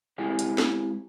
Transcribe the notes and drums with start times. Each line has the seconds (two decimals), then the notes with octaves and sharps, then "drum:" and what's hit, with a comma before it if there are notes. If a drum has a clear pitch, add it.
0.18 G#3 C4 E4 G4 F5 G#5
0.39 drum: hi-hat
0.58 drum: snare